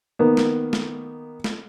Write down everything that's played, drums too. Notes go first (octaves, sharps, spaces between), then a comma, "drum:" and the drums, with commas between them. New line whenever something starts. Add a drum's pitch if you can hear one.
D#3 A#3 B3
drum: snare
drum: snare
drum: snare